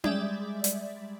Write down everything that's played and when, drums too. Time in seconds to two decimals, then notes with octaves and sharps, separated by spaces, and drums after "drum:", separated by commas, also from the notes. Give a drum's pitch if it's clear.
0.04 G3 G#3 D5 E5, drum: tom C#4
0.64 drum: hi-hat